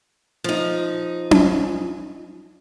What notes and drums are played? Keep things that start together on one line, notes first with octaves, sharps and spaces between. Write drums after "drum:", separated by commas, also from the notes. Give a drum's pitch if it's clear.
F3 D#4
drum: tom C#4